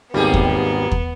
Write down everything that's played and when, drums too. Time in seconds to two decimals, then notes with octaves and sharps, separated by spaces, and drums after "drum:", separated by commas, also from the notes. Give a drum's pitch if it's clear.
0.14 G#1 D#2 G3 A#3 B3 G4 G#4
0.34 drum: kick
0.92 drum: kick